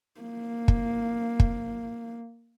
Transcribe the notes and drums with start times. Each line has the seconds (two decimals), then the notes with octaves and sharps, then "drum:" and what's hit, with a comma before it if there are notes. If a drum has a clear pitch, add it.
0.20 A#3
0.68 drum: kick
1.40 drum: kick